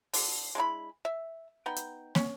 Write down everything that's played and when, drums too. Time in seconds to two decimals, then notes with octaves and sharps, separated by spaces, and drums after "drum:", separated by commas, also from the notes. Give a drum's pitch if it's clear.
0.13 D3, drum: open hi-hat
0.55 G#3 D4 E4 B5
1.05 E5
1.66 B3 D#4 G5
1.76 drum: hi-hat
2.15 C#4, drum: snare